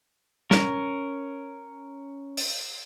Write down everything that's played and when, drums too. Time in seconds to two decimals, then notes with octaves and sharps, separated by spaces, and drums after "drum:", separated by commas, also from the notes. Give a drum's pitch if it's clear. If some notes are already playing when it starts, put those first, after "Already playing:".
0.51 C#4 A#4, drum: snare
2.37 drum: open hi-hat